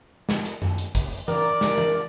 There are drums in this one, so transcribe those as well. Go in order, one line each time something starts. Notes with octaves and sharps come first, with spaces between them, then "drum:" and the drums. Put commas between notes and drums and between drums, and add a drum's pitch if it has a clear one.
drum: snare
drum: hi-hat
drum: tom F#2
drum: hi-hat
drum: kick, hi-hat
drum: open hi-hat
A#4 D5, drum: tom E3
drum: snare
drum: tom E3